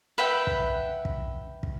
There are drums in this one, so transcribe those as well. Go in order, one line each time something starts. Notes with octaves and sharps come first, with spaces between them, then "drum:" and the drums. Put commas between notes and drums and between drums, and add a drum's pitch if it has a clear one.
B4 E5 F#5 G5
drum: kick
drum: kick
drum: kick